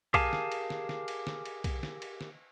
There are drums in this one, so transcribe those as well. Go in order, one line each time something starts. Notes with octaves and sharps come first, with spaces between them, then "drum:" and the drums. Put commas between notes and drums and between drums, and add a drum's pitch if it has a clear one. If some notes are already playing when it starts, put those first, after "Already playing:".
G4 G#4 A#4 F5 G#5 A5, drum: kick B1, cymbal
drum: snare
drum: cymbal
drum: snare
drum: snare
drum: cymbal
drum: snare
drum: cymbal
drum: kick B1, cymbal
drum: snare
drum: cymbal
drum: snare